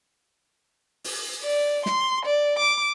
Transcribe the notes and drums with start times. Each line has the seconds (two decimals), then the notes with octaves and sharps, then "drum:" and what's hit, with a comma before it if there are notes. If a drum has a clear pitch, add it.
1.04 drum: open hi-hat
1.43 D5
1.86 C6, drum: snare
2.26 D5
2.59 D6